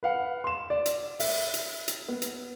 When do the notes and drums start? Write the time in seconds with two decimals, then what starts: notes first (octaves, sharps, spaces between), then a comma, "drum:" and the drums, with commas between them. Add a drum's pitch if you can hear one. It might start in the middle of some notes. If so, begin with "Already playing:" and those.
0.03 B4 F5 F#5
0.44 C6 E7
0.70 D5
0.86 drum: hi-hat
1.20 E5, drum: open hi-hat
1.54 drum: hi-hat
1.88 drum: hi-hat
2.08 B3
2.22 drum: hi-hat